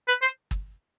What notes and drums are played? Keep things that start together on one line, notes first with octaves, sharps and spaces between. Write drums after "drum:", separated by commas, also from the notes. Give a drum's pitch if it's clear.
B4
C5
drum: kick